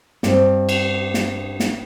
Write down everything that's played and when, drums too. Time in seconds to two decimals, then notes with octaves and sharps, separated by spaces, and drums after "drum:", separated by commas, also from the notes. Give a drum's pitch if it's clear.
0.23 G2 C4, drum: snare
0.69 drum: cymbal
1.14 drum: snare
1.60 drum: snare